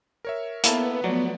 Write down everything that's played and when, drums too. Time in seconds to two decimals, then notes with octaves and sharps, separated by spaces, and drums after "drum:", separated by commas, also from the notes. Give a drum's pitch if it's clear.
0.25 A#4 C#5 E5
0.64 A#3 B3 E4 A4, drum: hi-hat
1.04 F3 F#3 A3 D5